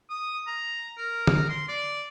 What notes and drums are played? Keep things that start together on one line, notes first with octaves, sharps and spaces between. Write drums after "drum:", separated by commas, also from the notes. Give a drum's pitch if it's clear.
D#6
A#5
A#4
drum: tom
C6
D5